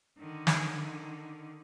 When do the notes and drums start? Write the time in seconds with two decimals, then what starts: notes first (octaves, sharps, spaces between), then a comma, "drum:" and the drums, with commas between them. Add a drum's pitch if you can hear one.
0.19 D3 D#3
0.47 drum: snare